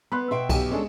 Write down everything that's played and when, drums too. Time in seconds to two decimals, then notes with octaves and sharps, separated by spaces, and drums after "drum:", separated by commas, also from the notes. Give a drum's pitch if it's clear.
0.12 B3 B5 C6 F#6
0.31 B2 E5 G5 C6
0.49 B1 G4, drum: kick C2, cymbal
0.71 G#3 C#4 D4 A4